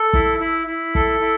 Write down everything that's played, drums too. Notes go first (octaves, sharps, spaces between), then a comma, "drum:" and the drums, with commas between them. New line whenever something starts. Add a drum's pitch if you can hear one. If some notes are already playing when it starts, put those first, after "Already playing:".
Already playing: A4
E4, drum: kick
E4
E4
A4, drum: kick
E4